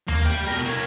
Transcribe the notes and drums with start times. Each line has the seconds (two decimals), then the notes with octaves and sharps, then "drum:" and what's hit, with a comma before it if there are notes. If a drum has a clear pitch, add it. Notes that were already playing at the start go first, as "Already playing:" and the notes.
0.08 A#3, drum: tom D#2
0.26 G3 G5
0.47 B2 A#4
0.65 A#3 C#5